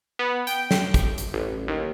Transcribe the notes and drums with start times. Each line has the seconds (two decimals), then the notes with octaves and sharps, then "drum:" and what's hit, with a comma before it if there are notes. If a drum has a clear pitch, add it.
0.19 B3
0.47 G5, drum: hi-hat
0.71 drum: snare
0.94 drum: kick, hi-hat
1.18 drum: hi-hat
1.33 A1
1.68 D#2